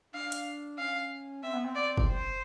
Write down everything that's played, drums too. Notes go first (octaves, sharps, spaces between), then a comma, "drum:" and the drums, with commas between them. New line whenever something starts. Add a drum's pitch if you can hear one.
D4 F5
drum: hi-hat
C#4 F5
C4 E5
B3
C4
D5
drum: kick F#1
C5